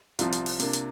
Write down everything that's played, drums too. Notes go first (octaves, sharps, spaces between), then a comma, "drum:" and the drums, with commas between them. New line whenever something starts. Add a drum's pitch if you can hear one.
C2 C3 F3 C4 F4, drum: hi-hat
drum: hi-hat
drum: open hi-hat
C3 A#3 D4, drum: hi-hat
drum: hi-hat